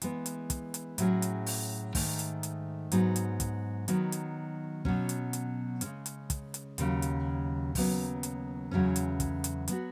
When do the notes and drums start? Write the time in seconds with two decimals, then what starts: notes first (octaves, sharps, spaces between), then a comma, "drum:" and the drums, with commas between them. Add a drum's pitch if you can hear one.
0.02 E3 G#3 B3, drum: hi-hat
0.26 drum: hi-hat
0.50 drum: kick, hi-hat
0.74 drum: hi-hat
0.98 A2 F#3 C#4 G#4, drum: hi-hat
1.22 drum: hi-hat
1.46 drum: open hi-hat
1.95 G#2 D#3 A3, drum: kick, open hi-hat
2.19 drum: hi-hat
2.43 drum: hi-hat
2.92 G#2 F#3 B3 D#4, drum: hi-hat
3.16 drum: hi-hat
3.40 drum: kick, hi-hat
3.88 D#3 F#3 B3 D#4, drum: hi-hat
4.12 drum: hi-hat
4.85 B2 F#3 C#4, drum: kick
5.09 drum: hi-hat
5.33 drum: hi-hat
5.81 C#3 G#3 C#4, drum: hi-hat
6.06 drum: hi-hat
6.30 drum: kick, hi-hat
6.54 drum: hi-hat
6.78 D#2 C#3 F#3, drum: hi-hat
7.02 drum: hi-hat
7.75 D#2 C#3 F#3 B3, drum: kick, open hi-hat
8.23 drum: hi-hat
8.71 E2 C#3 F#3 A3 C#4
8.96 drum: hi-hat
9.20 drum: kick, hi-hat
9.44 drum: hi-hat
9.68 F#3 B3 F#4, drum: hi-hat